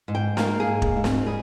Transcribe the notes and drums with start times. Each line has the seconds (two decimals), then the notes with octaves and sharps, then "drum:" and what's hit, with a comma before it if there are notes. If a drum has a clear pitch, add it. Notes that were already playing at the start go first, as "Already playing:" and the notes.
0.08 G#2
0.15 G5
0.37 A#3 F5, drum: snare
0.60 G#4
0.67 G#2
0.82 drum: kick
0.97 G#2
1.04 C4, drum: snare
1.26 G3 G#4